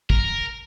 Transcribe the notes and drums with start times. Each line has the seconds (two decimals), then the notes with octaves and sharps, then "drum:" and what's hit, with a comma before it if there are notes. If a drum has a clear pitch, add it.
0.10 A#4, drum: kick